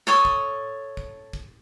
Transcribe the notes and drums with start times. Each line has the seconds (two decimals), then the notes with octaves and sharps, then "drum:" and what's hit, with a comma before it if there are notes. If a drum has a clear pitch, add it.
0.07 A4 C#5 D#6
0.25 drum: kick
0.97 drum: kick
1.33 drum: kick